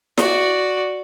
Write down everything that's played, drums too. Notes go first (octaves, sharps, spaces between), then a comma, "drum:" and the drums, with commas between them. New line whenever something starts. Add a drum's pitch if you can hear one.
F#4 D5, drum: snare E4